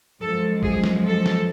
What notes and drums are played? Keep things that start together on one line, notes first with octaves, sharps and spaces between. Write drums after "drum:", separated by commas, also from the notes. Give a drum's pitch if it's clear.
F#2 F3 G#3 A4
G#4, drum: kick
drum: snare
A4
drum: snare